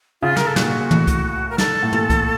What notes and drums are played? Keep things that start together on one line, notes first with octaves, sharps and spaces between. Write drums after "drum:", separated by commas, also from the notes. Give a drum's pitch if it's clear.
C#3 F4
A#4, drum: snare
A4
A#2 F#4, drum: snare
A#2
A2, drum: tom
drum: kick C2, hi-hat
A#4
A4, drum: snare
A2
A#2, drum: tom
drum: kick C2, hi-hat